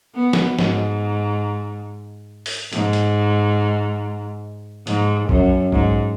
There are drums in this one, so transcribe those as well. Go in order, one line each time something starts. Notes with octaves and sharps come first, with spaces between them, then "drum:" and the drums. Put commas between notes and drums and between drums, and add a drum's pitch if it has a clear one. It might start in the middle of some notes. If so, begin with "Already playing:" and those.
B3
drum: snare
G#2, drum: snare
drum: open hi-hat
G#2, drum: hi-hat
drum: hi-hat
G#2, drum: hi-hat
F#2, drum: kick A#1
G#2, drum: kick A#1